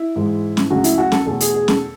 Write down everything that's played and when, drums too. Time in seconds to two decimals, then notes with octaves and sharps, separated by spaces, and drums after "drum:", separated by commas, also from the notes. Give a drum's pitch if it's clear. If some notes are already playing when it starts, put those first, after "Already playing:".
Already playing: E4
0.16 G#2 E3 G#3
0.57 drum: snare C#4
0.70 C#2 C#3 F#3 A3 F#4
0.84 E4, drum: hi-hat
0.98 F#4
1.12 A4, drum: snare C#4
1.26 E2 B2 A3 A4
1.40 G#4, drum: hi-hat
1.54 G#4
1.68 A4, drum: snare C#4